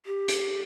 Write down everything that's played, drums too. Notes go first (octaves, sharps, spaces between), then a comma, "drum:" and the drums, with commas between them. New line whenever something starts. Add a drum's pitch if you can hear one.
G4
drum: hi-hat